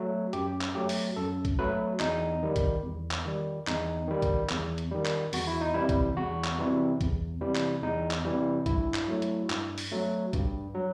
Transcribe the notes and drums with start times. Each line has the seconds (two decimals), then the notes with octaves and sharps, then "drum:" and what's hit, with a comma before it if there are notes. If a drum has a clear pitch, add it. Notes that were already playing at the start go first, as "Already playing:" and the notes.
Already playing: F#3 A3
0.33 F#2 G4, drum: hi-hat
0.61 drum: clap
0.75 F#3 A3 G4
0.89 drum: open hi-hat
1.16 F#2 A4
1.45 drum: kick B1, hi-hat
1.59 F#3 A3 B4
2.00 E2 D#4, drum: clap
2.43 D#3 G3
2.56 drum: kick B1, hi-hat
2.83 E2
3.11 drum: clap
3.25 D#3 G3
3.67 E2 D#4, drum: clap
4.08 D#3 G3
4.22 drum: kick B1, hi-hat
4.50 E2, drum: clap
4.78 drum: hi-hat
4.91 D#3 G3
5.06 drum: clap
5.33 E2 F#4, drum: open hi-hat
5.47 E4
5.61 D#4
5.74 C3 E3 G3 E4
5.89 drum: kick B1, hi-hat
6.16 E2 F#4
6.45 drum: clap
6.59 C3 E3 G3
7.01 E2, drum: kick B1, hi-hat
7.41 C3 E3 G3
7.56 drum: clap
7.83 E2 D#4
8.11 drum: clap
8.25 C3 E3 G3
8.66 G2 E4, drum: kick B1, hi-hat
8.94 drum: clap
9.08 F#3 A3
9.22 drum: hi-hat
9.50 G2, drum: clap
9.78 drum: open hi-hat
9.92 F#3 A3
10.33 G2, drum: kick B1, hi-hat
10.75 F#3